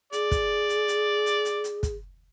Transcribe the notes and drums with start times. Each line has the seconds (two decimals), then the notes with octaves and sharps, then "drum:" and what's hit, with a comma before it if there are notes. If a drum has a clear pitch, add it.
0.13 G#4 D5, drum: hi-hat
0.31 drum: kick, hi-hat
0.69 drum: hi-hat
0.88 drum: hi-hat
1.26 drum: hi-hat
1.45 drum: hi-hat
1.64 drum: hi-hat
1.83 drum: kick, hi-hat